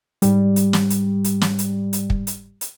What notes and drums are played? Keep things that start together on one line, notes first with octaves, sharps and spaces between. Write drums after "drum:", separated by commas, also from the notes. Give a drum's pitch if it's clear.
G#2 G3, drum: hi-hat
drum: hi-hat
drum: snare
drum: hi-hat
drum: hi-hat
drum: snare
drum: hi-hat
drum: hi-hat
drum: kick
drum: hi-hat
drum: hi-hat